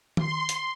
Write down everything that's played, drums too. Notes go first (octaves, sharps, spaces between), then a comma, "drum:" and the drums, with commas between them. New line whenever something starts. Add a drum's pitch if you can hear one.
C6, drum: tom D#3
drum: hi-hat